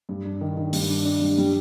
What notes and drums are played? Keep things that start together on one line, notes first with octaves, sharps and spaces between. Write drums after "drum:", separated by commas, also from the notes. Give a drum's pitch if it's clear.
G2
D4
D#3
D#3
G2, drum: open hi-hat
D4
D4
G2
G3